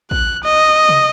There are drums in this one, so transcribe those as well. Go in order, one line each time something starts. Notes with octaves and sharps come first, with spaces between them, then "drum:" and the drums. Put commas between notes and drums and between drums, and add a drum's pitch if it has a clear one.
F#6, drum: kick
D#5
drum: tom C3